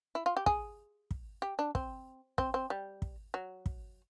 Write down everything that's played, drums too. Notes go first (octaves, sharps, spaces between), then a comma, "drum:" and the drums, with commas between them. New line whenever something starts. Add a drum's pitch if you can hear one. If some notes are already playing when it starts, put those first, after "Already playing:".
E4
F4
G4
G#4, drum: kick
drum: kick
G4
D4
C4, drum: kick
C4, drum: kick
C4
G3
drum: kick
F#3
drum: kick